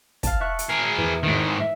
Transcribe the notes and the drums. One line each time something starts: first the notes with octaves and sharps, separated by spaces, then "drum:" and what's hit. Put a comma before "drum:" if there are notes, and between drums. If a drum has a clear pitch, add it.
F5 A5, drum: kick, hi-hat
E5 C#6 F#6
drum: hi-hat
G#4 A#4
E2
G#2 D#3 D#5 D7
E5